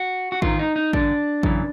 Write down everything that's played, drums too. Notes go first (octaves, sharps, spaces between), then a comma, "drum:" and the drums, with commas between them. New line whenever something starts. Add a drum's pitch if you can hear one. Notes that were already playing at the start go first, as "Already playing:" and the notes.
Already playing: F#4
F#4
G#2 D#3 F4, drum: kick A1
D#4
D#4
G2 D3 D4, drum: kick A1
F#2 C#3 E3, drum: kick A1